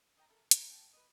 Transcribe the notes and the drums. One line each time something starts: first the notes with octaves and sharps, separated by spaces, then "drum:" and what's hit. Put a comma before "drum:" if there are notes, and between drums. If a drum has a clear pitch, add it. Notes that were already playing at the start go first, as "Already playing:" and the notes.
D#5 G5 A#5
A4 A#4 E5
A#5, drum: hi-hat
G5 A5
B4 D#5